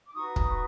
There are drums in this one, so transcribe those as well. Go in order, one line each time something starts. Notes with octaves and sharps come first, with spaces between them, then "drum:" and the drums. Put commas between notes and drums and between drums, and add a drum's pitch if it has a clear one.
D6
D#4 F#4 B4 C#6 D#6
drum: kick